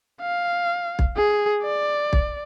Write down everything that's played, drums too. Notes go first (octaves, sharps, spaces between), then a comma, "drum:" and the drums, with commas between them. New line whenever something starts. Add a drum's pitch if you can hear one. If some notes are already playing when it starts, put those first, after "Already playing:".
F5
drum: kick
G#4
D5
drum: kick